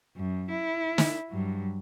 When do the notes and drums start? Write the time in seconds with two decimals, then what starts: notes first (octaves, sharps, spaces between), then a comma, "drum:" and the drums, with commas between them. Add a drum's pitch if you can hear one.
0.17 F#2
0.51 E4
0.98 drum: snare
1.30 G2 F#3